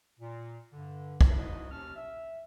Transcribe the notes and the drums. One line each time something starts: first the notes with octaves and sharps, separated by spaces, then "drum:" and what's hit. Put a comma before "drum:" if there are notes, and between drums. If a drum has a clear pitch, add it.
A#2
G2 D3
drum: kick
C2 G#2 D#4 E4 F#4 D#5
D#2 C#4 A5 F6
E5